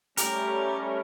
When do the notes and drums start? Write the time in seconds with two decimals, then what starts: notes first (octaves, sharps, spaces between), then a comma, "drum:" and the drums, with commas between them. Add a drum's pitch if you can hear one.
0.17 G3 A3 C#4 G4 A#4, drum: hi-hat